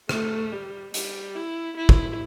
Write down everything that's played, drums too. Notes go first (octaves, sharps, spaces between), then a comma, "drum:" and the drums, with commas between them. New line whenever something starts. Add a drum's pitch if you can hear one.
A3, drum: rim click
G3
G3, drum: hi-hat
E4
E4
drum: kick